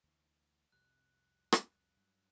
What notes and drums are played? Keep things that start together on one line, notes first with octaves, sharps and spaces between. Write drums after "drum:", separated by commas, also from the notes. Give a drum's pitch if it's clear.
D2 E3
C2 F2 C3 F#6
drum: rim click
G2 F#3